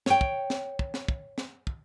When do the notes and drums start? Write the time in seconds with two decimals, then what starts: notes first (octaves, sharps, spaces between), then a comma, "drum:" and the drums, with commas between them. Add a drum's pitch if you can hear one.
0.06 C#5 G5, drum: snare
0.21 drum: kick
0.50 drum: snare
0.79 drum: kick
0.94 drum: snare
1.08 drum: kick
1.38 drum: snare
1.67 drum: kick